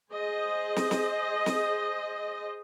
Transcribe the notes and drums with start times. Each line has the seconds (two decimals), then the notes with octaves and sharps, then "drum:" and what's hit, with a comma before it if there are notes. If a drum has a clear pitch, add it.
0.11 G#4 C5 D#5
0.76 drum: snare
0.91 drum: snare
1.46 drum: snare